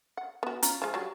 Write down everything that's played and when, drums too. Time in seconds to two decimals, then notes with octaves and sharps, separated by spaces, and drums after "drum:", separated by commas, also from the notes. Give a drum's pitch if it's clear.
0.17 F#5
0.43 B3 F#4
0.63 C#4 F4 A#5, drum: hi-hat
0.82 F3 G#3
0.94 F#3 G3